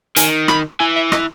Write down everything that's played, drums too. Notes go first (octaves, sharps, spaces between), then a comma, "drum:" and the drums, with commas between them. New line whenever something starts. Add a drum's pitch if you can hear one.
D#3 G#5, drum: hi-hat
B5, drum: rim click
E3 G#5
E5
D#5, drum: rim click